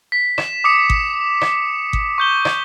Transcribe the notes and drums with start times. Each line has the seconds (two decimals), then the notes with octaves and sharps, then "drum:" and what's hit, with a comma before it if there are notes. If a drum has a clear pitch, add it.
0.12 B6
0.38 E7, drum: rim click
0.64 D6 D#6 C#7
0.90 drum: kick G1
1.41 drum: rim click
1.93 drum: kick G1
2.18 C#6 G6 G7
2.45 drum: rim click